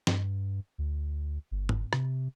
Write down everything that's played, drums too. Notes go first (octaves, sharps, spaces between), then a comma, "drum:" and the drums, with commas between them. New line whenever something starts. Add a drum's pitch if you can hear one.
G2, drum: snare
D2
G1
drum: tom
C3, drum: rim click